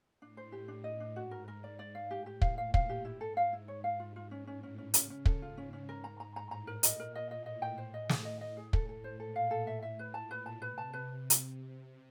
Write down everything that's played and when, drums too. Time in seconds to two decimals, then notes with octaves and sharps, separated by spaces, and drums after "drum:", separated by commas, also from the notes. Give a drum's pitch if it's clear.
0.21 A2 D4
0.37 C5
0.52 G4
0.68 D4
0.84 D#5
1.00 D4
1.16 G#2 F#4
1.31 A#4
1.48 A#4
1.63 G#2 D5
1.79 D5
1.95 F5
2.11 A2 G4
2.26 G4
2.42 F5, drum: kick
2.58 A#2 F5
2.74 F5, drum: kick
2.89 G4
3.05 G#2 E4
3.21 A4
3.37 F5
3.53 E4
3.68 C#5
3.84 F5
4.00 F4
4.16 F4
4.31 C#4
4.47 A2 C#4
4.63 C#4
4.78 C#4
4.94 C#3 C#4, drum: hi-hat
5.10 C#4
5.25 A4, drum: kick
5.41 G#2 F4
5.57 C#4
5.73 C#4
5.89 A#4
6.04 A#5
6.20 A#5
6.36 A2 A#5
6.51 A#5
6.67 A#4
6.83 A#2 D#5, drum: hi-hat
7.00 A#4
7.15 D#5
7.31 A2 D#5
7.46 D#5
7.62 G5
7.78 A2 C5
7.94 D#5
8.09 G#4, drum: snare
8.25 D#5
8.41 D#5
8.57 G#4
8.73 A4, drum: kick
8.89 A4
9.04 C5
9.19 A#2 A4
9.36 F5
9.51 A4
9.67 A2 E5
9.82 E5
9.99 B4
10.14 A#2 A5
10.31 B4
10.46 A5
10.62 C3 B4
10.78 A5
10.93 B4
11.30 drum: hi-hat